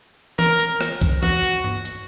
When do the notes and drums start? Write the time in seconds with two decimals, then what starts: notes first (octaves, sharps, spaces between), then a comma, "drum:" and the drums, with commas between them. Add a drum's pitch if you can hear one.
0.39 A#4, drum: tom
0.60 drum: hi-hat
0.81 drum: rim click
1.02 drum: kick C2
1.23 F#4, drum: tom
1.43 drum: hi-hat
1.64 drum: tom G2
1.85 drum: hi-hat